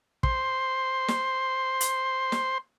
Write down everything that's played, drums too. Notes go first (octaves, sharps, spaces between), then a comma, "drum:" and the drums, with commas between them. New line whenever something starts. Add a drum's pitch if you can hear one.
C5 C6, drum: kick
drum: snare
drum: hi-hat
drum: snare